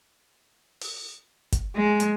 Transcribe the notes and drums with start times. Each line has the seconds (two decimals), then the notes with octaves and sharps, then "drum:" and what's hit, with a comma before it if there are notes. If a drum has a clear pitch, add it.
0.81 drum: open hi-hat
1.52 drum: kick G#1, hi-hat
1.76 G#3
2.00 drum: hi-hat